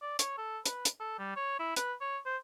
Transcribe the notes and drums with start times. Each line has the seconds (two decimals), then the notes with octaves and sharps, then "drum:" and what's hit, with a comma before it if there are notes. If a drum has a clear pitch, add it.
0.02 D5
0.19 C#5, drum: hi-hat
0.38 A4
0.66 B4, drum: hi-hat
0.85 drum: hi-hat
1.00 A4
1.19 G3
1.36 C#5
1.59 E4
1.76 B4, drum: hi-hat
2.01 C#5
2.26 C5